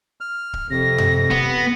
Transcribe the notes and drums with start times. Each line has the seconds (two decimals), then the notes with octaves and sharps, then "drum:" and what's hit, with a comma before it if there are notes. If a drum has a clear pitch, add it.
0.21 F6
0.53 drum: kick D1
0.71 F2 C3 A#6
0.98 drum: tom F#2
1.31 B3, drum: kick D1